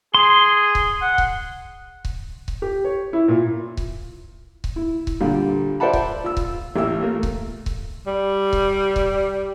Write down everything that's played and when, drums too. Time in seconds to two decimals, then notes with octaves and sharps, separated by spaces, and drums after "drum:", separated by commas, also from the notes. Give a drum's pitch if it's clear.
0.14 G#4 C6
0.75 drum: kick C#1
1.01 F#5
1.18 drum: kick C#1
2.05 drum: kick C#1
2.48 drum: kick C#1
2.62 G4
2.84 C#5
3.13 E4
3.28 A#2
3.77 drum: kick C#1
4.64 drum: kick C#1
4.76 E4
5.07 drum: kick C#1
5.20 A#2 D3 G3
5.80 C5 D5 E5 F#5 A5 B5
5.93 drum: kick C#1
6.24 F4 E6
6.37 drum: kick C#1
6.76 A1 G4 E6
7.01 A3 A#3
7.23 drum: kick C#1
7.66 drum: kick C#1
8.07 G3
8.53 drum: kick C#1
8.96 drum: kick C#1